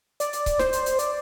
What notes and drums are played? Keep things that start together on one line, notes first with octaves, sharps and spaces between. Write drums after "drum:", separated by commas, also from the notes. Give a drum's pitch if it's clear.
D5, drum: hi-hat
drum: hi-hat
drum: kick C#1, hi-hat
C5, drum: snare
drum: hi-hat
drum: hi-hat
D5, drum: hi-hat